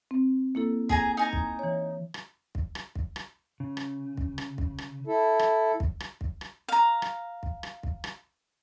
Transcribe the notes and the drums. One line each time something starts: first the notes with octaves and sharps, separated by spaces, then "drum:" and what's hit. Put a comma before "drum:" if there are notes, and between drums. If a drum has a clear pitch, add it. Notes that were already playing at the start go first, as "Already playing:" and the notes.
C4
A#3 E4 A4
G#4 G#5 A#5, drum: kick
D#4 G#5 A#5
drum: kick
E3 C#5
drum: rim click
drum: kick
drum: rim click
drum: kick
drum: rim click
C#3
drum: rim click
drum: kick
drum: rim click
drum: kick
drum: rim click
E4 A4
drum: rim click
drum: kick
drum: rim click
drum: kick
drum: rim click
F5 A#5
drum: rim click
drum: kick
drum: rim click
drum: kick
drum: rim click